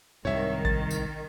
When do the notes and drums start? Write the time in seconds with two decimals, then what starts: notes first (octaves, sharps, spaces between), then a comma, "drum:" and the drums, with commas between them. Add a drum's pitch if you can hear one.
0.25 C2 G#2 D#3 C#5 E5
0.65 A6, drum: kick A1
0.91 drum: tambourine